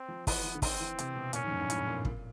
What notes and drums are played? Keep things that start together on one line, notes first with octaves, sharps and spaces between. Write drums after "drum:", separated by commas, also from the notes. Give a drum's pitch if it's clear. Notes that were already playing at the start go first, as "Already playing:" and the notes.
Already playing: C4
F3
E3 B3, drum: kick, open hi-hat
E3
D3
D#3 C4, drum: kick, open hi-hat
E3
C3, drum: hi-hat
B2
A#2 C#4, drum: hi-hat
G#2
F2
F#2
G2
A2, drum: hi-hat
A2
A#2
A#2, drum: kick